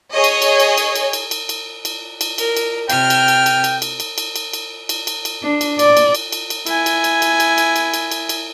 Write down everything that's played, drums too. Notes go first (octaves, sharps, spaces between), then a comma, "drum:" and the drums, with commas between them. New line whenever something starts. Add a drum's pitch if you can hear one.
G#4 C#5 D#5
drum: cymbal
drum: cymbal
drum: cymbal
drum: cymbal
drum: cymbal
drum: cymbal
drum: cymbal
drum: cymbal
drum: cymbal
drum: cymbal
A#4, drum: cymbal
drum: cymbal
C3 G5 F6, drum: cymbal
drum: cymbal
drum: cymbal
drum: cymbal
drum: cymbal
drum: cymbal
drum: cymbal
drum: cymbal
drum: cymbal
drum: cymbal
drum: cymbal
drum: cymbal
drum: cymbal
D4
drum: cymbal
D5, drum: cymbal
drum: cymbal
drum: cymbal
drum: cymbal
drum: cymbal
E4 G#5, drum: cymbal
drum: cymbal
drum: cymbal
drum: cymbal
drum: cymbal
drum: cymbal
drum: cymbal
drum: cymbal
drum: cymbal
drum: cymbal